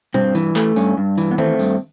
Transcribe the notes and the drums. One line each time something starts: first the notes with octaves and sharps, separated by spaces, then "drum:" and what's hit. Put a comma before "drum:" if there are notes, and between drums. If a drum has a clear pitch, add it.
G2 C4, drum: tom B2
E3, drum: tambourine
A3, drum: clap
G2 C#4, drum: tambourine
G2
E3, drum: tambourine
B3
A3 C4, drum: tom D#3
G2, drum: tambourine